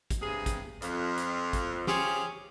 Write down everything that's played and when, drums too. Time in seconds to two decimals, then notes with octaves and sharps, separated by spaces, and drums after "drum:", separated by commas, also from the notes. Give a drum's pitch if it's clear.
0.10 drum: kick, hi-hat
0.21 G2 C3 G#4
0.46 drum: kick, hi-hat
0.82 F2, drum: hi-hat
1.18 drum: hi-hat
1.53 drum: kick, hi-hat
1.87 C#4 F4 G4 G#4 C5, drum: snare